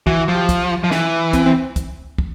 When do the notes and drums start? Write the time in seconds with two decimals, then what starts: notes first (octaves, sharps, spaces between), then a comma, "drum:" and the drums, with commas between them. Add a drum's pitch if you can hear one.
0.07 E3 F#4, drum: kick
0.20 F#4
0.28 F3
0.35 G4
0.49 drum: kick, hi-hat
0.84 F3
0.91 E3, drum: snare
1.33 C4, drum: kick, hi-hat
1.46 C4
1.76 drum: kick, hi-hat
2.18 drum: kick